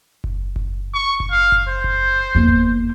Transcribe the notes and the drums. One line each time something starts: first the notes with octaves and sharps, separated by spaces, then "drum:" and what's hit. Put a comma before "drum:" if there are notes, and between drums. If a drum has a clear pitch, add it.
drum: kick F#1
drum: kick F#1
C#6
drum: kick F#1
F5
drum: kick F#1
C5
drum: kick F#1
E2 A#3
drum: kick F#1